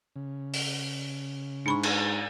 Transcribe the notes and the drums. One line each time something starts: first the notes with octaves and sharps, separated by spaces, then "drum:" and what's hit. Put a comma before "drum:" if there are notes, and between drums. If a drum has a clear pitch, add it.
C#3
drum: open hi-hat
G#2 D4 B5 C#6
drum: cymbal